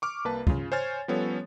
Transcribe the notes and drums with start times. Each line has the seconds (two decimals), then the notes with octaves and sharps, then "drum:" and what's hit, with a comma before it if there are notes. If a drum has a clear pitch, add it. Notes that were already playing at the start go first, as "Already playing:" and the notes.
0.02 C#6 D6 F6
0.25 C2 A#3 B4 A5
0.47 C#3 F4, drum: kick
0.72 C5 C#5 G#5 F6 A6
1.08 F3 G3 B3 C#4 A4 C#5